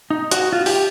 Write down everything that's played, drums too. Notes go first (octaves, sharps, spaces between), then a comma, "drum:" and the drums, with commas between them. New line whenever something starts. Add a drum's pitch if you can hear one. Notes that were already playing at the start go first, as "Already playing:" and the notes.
D#4
F#4, drum: hi-hat
F4
G4, drum: open hi-hat